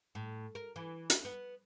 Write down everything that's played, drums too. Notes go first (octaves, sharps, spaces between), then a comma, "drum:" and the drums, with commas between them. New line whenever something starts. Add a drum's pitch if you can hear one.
A2
A#4
E3
drum: hi-hat
B3